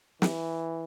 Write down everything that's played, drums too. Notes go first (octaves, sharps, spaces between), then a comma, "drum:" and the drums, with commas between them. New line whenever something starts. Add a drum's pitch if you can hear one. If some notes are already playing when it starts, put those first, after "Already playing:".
E3, drum: snare